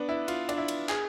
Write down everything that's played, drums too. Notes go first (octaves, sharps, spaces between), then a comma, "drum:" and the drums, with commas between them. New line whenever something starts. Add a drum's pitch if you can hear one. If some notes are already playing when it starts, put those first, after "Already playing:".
Already playing: B3 D4
E4
F4, drum: cymbal
D4, drum: cymbal
E4
drum: cymbal
G#4, drum: clap